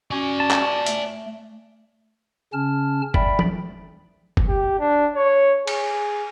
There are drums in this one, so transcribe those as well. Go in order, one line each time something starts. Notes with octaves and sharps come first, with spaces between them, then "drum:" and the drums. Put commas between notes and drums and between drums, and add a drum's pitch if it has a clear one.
C#4 F#4 D5 G#5
A5
drum: clap
A3, drum: hi-hat
C#3 C#4 A5 F6
D5 E5 G5 B5, drum: kick F1
drum: tom E3
drum: kick F1
G4
D4
C#5
G#4, drum: cymbal